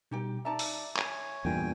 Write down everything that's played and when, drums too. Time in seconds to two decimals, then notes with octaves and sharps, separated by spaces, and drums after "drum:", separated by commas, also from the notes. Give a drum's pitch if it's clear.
0.11 B2 G3 D#4 G4 G5
0.45 D#4 D5 E5 A5 A#5
0.59 drum: open hi-hat
0.97 C#5 G#5, drum: clap
1.45 E2 G2 A#2 G5 G#5